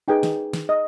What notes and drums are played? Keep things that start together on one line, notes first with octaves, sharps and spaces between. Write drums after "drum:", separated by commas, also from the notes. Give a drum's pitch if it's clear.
D#4 G#4 B4 G5
drum: snare
drum: snare
D#5